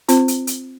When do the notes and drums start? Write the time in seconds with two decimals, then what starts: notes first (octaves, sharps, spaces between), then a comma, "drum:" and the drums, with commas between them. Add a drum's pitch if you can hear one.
0.08 C4 F4 C5, drum: hi-hat
0.28 drum: hi-hat
0.47 drum: hi-hat